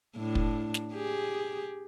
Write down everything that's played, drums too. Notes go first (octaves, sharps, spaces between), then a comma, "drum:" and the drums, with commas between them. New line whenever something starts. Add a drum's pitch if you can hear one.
A2 D4
drum: kick
drum: snare
G4 G#4